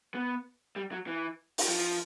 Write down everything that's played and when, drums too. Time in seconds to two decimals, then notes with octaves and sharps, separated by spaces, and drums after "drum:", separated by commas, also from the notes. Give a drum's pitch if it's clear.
0.15 B3
0.76 G3
0.92 F#3
1.07 E3
1.58 drum: open hi-hat
1.68 F3